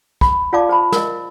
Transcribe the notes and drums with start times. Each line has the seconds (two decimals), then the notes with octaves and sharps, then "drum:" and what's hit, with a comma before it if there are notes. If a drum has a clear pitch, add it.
0.21 B5, drum: kick
0.53 F4 D5 F5 A5 D6
0.69 C5 A5 B5
0.92 A#4 D#5, drum: snare